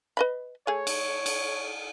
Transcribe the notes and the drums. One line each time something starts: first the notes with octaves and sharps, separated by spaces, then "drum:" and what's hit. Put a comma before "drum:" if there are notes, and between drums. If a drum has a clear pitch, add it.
B4 D#5 B5
A3 G#4 C#5
drum: cymbal
drum: cymbal